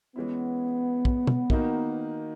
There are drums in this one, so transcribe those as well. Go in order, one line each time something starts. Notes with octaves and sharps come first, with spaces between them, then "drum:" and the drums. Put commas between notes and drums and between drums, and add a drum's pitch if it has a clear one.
E3 G#3 B3 C#4 E4
drum: kick
drum: tom
D#3 A#3 D#4 F#4, drum: kick